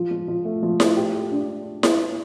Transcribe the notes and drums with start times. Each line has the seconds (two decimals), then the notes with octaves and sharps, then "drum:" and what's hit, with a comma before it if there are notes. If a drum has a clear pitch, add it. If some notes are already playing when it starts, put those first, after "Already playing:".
Already playing: F3 F4
0.11 F3
0.28 F3
0.45 A3
0.63 F3
0.80 A3, drum: snare E4
0.97 G4
1.14 G4
1.31 D4
1.83 drum: snare E4